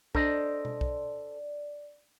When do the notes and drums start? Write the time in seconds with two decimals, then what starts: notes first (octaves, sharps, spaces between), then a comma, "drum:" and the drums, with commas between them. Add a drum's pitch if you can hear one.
0.15 D4 A4 C5 D5 D#5, drum: kick B1
0.65 drum: tom B2
0.81 drum: kick B1